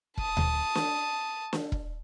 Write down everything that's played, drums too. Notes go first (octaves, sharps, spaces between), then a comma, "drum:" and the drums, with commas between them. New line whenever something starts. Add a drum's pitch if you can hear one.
A5 D#6, drum: kick E1
drum: tom D2
drum: snare
drum: snare
drum: kick E1